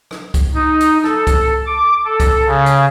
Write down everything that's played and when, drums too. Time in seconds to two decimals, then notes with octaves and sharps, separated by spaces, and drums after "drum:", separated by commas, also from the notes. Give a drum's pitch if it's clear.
0.11 drum: rim click
0.34 drum: kick C2, hi-hat
0.55 D#4
0.80 drum: hi-hat
1.04 A4, drum: rim click
1.27 drum: kick C2, hi-hat
1.66 D6
2.05 A4
2.20 drum: kick C2, hi-hat
2.47 C#3
2.66 drum: hi-hat